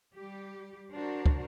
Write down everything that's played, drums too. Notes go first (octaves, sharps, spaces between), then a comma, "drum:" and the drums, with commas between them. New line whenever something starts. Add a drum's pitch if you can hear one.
G3 G4
D4 F#4 A#4 C5
drum: kick